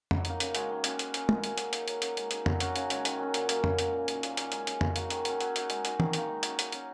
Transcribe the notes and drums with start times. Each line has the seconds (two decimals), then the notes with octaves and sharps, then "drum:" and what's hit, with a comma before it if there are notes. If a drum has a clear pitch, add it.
0.11 F#3, drum: tom F2
0.25 A#3 D#4, drum: hi-hat
0.40 C#3, drum: hi-hat
0.55 G#3 F#4, drum: hi-hat
0.69 D#3
0.84 A#3 C#4 F#4, drum: hi-hat
0.99 G#3, drum: hi-hat
1.14 C#4 G#4, drum: hi-hat
1.29 G#3, drum: tom
1.44 C#4 F#4, drum: hi-hat
1.58 F#3, drum: hi-hat
1.73 A#3 D#4 G#4, drum: hi-hat
1.88 F#3, drum: hi-hat
2.02 A#3 C#4, drum: hi-hat
2.17 G#3, drum: hi-hat
2.31 D#4 G#4, drum: hi-hat
2.46 F#3, drum: tom F2
2.60 C#4 F#4, drum: hi-hat
2.76 C#3, drum: hi-hat
2.90 G#3 C#4, drum: hi-hat
3.05 D#3, drum: hi-hat
3.19 F#3 C#4
3.34 A#2, drum: hi-hat
3.49 F#3 A#3 C#4, drum: hi-hat
3.64 C#3, drum: tom F2
3.79 G#3 C#4, drum: hi-hat
3.93 A#2
4.08 F#3 A#3 D#4, drum: hi-hat
4.23 A#2, drum: hi-hat
4.37 F#3 A#3 C#4, drum: hi-hat
4.52 G#3, drum: hi-hat
4.67 C#4 G#4, drum: hi-hat
4.81 C#3, drum: tom F2
4.96 A#3 D#4 F#4, drum: hi-hat
5.10 D#3, drum: hi-hat
5.25 F#3 C#4, drum: hi-hat
5.40 F#3, drum: hi-hat
5.56 D#4 F#4, drum: hi-hat
5.70 G#3, drum: hi-hat
5.85 D#4 F#4, drum: hi-hat
6.00 D#3, drum: tom
6.13 A#3 D#4, drum: hi-hat
6.29 G#3
6.43 C#4 F#4, drum: hi-hat
6.59 F#3, drum: hi-hat
6.72 A#3 C#4, drum: hi-hat